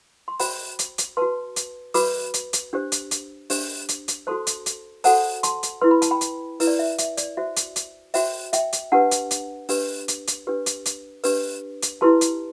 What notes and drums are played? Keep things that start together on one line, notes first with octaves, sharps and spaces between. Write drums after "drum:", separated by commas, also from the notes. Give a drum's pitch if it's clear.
C6
F#4 C5 G5 B5, drum: open hi-hat
drum: hi-hat
drum: hi-hat
F#4 B4 A5 C6
drum: hi-hat
F#4 B4 B5 D6, drum: open hi-hat
drum: hi-hat
drum: hi-hat
D4 G4 C5
drum: hi-hat
drum: hi-hat
D4 G4 C5, drum: open hi-hat
drum: hi-hat
drum: hi-hat
F#4 A4 C5 A5 C6
drum: hi-hat
drum: hi-hat
F#4 A4 C5 F#5 A5, drum: open hi-hat
A5 C6, drum: hi-hat
drum: hi-hat
E4 B4 C6
B5
A5, drum: hi-hat
G5 B5
drum: hi-hat
E4 B4, drum: open hi-hat
D5
E5
E5, drum: hi-hat
D5, drum: hi-hat
F#4 C5 E5
drum: hi-hat
drum: hi-hat
F#4 C5 E5 G5, drum: open hi-hat
E5 G5, drum: hi-hat
drum: hi-hat
D4 G4 B4 F#5 A5
drum: hi-hat
drum: hi-hat
D4 G4 B4, drum: open hi-hat
drum: hi-hat
drum: hi-hat
D4 G4 B4
drum: hi-hat
drum: hi-hat
D4 G4 B4, drum: open hi-hat
drum: hi-hat
E4 G4 B4 A5 C6
drum: hi-hat